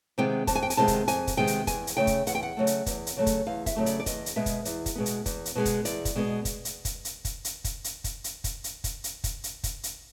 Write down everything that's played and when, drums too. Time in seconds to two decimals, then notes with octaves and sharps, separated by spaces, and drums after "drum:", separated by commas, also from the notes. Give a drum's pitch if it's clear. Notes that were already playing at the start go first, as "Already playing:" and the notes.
0.18 C3 D#3 G#3 B3 G5
0.47 F2 A5, drum: kick, hi-hat
0.55 G#5
0.63 G5
0.70 G#5, drum: hi-hat
0.77 C3 D#3 G#3 B3 A5
0.88 drum: kick, hi-hat
1.08 F2 G#5, drum: hi-hat
1.27 drum: kick, hi-hat
1.37 C3 D#3 G#3 B3 G5
1.47 drum: hi-hat
1.67 E2 G#5, drum: kick, hi-hat
1.87 drum: hi-hat
1.97 C#3 F#3 A3 G5
2.07 drum: kick, hi-hat
2.27 E2 F#5, drum: hi-hat
2.35 G5
2.43 F#5
2.57 C#3 F#3 A3
2.67 drum: hi-hat
2.86 E2, drum: kick, hi-hat
3.07 drum: hi-hat
3.17 C#3 F#3 A3
3.26 drum: kick, hi-hat
3.47 E2 F5
3.66 E5, drum: kick, hi-hat
3.76 C#3 F#3 A3
3.86 D5, drum: hi-hat
4.00 D5
4.06 E2 D#5, drum: kick, hi-hat
4.26 drum: hi-hat
4.36 B2 G#3 B3 E5
4.46 drum: kick, hi-hat
4.65 E2, drum: hi-hat
4.86 drum: kick, hi-hat
4.95 B2 G#3 B3
5.06 drum: hi-hat
5.26 E2, drum: kick, hi-hat
5.45 drum: hi-hat
5.55 B2 G#3 B3
5.65 drum: kick, hi-hat
5.85 E2 D5, drum: hi-hat
6.05 drum: kick, hi-hat
6.15 B2 G#3 B3
6.45 drum: kick, hi-hat
6.65 drum: hi-hat
6.85 drum: kick, hi-hat
7.05 drum: hi-hat
7.25 drum: kick, hi-hat
7.45 drum: hi-hat
7.64 drum: kick, hi-hat
7.84 drum: hi-hat
8.04 drum: kick, hi-hat
8.24 drum: hi-hat
8.44 drum: kick, hi-hat
8.64 drum: hi-hat
8.84 drum: kick, hi-hat
9.04 drum: hi-hat
9.24 drum: kick, hi-hat
9.44 drum: hi-hat
9.64 drum: kick, hi-hat
9.83 drum: hi-hat